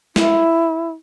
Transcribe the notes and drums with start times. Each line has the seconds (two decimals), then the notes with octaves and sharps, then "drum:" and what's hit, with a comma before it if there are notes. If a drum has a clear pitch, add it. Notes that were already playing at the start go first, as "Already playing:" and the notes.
0.16 E4, drum: snare